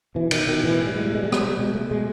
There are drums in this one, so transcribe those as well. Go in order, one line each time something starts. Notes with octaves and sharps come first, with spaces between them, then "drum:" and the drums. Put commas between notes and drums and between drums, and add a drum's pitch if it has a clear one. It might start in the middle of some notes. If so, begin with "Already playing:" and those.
B2 E3
B2 D#3, drum: cymbal
B2 D#3
A2 E3
A2
G3
A2 G#3
G3
B2 G#3
G3
B2
G#3, drum: rim click
B2 G3
B2 G#3
B2 A3
B2 G#3